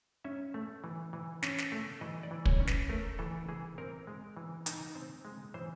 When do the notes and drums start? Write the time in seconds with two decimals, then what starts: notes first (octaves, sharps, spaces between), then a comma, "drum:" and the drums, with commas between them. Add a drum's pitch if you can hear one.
0.24 C#4 E5
0.54 A3
0.84 E3
1.13 E3
1.42 C#4, drum: snare
1.58 drum: snare
1.72 A3
2.01 E3 D#5
2.23 D5
2.31 E3
2.45 C#5, drum: kick
2.60 C#4
2.67 B4, drum: snare
2.89 A3 A#4
3.19 E3 A4
3.49 E3 G#4
3.78 C4 A#4
4.07 G#3
4.37 E3
4.66 D#4, drum: hi-hat
4.95 C4
5.25 G#3
5.54 E3 C5